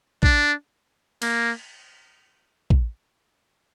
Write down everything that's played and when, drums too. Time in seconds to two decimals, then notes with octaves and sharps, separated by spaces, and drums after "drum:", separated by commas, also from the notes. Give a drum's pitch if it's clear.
0.23 D4, drum: kick
1.22 A#3, drum: cymbal
2.70 drum: kick